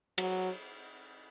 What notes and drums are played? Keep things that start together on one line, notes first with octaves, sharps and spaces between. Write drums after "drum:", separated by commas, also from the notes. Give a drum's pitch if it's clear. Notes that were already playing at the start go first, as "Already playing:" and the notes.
F#3, drum: cymbal